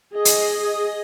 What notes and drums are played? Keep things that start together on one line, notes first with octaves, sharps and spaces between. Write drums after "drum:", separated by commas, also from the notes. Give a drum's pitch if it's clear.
G#4 D#5
drum: hi-hat